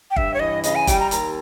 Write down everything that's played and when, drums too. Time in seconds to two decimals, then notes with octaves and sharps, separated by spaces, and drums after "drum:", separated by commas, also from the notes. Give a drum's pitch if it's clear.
0.11 G5
0.16 G2 E5, drum: kick
0.34 C#5
0.40 E3 D#5
0.64 C#3 D#5, drum: hi-hat
0.75 G#5
0.87 G3 G5, drum: kick, hi-hat
1.00 A#5
1.11 D#2 A#5, drum: hi-hat